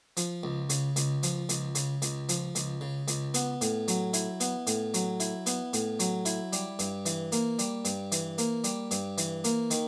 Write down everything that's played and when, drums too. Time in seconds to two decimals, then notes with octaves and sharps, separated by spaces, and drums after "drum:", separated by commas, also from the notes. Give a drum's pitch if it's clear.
0.17 F3, drum: hi-hat
0.43 C#2
0.70 C#3, drum: hi-hat
0.96 C#2, drum: hi-hat
1.23 F3, drum: hi-hat
1.49 C#2, drum: hi-hat
1.75 C#3, drum: hi-hat
2.02 C#2, drum: hi-hat
2.29 F3, drum: hi-hat
2.55 C#2, drum: hi-hat
2.81 C#3
3.08 C#2, drum: hi-hat
3.34 B3, drum: hi-hat
3.61 A2, drum: hi-hat
3.88 F#3, drum: hi-hat
4.13 E4, drum: hi-hat
4.40 B3, drum: hi-hat
4.67 A2, drum: hi-hat
4.94 F#3, drum: hi-hat
5.20 E4, drum: hi-hat
5.46 B3, drum: hi-hat
5.73 A2, drum: hi-hat
6.00 F#3, drum: hi-hat
6.25 E4, drum: hi-hat
6.53 G3, drum: hi-hat
6.79 G2, drum: hi-hat
7.06 E3, drum: hi-hat
7.32 A#3, drum: hi-hat
7.59 G3, drum: hi-hat
7.85 G2, drum: hi-hat
8.12 E3, drum: hi-hat
8.38 A#3, drum: hi-hat
8.64 G3, drum: hi-hat
8.91 G2, drum: hi-hat
9.18 E3, drum: hi-hat
9.44 A#3, drum: hi-hat
9.71 D#3, drum: hi-hat